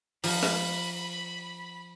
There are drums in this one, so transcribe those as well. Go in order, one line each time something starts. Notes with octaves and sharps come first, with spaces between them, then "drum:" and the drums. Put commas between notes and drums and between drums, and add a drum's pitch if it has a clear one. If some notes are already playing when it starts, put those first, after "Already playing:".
F3 B5, drum: open hi-hat
drum: rim click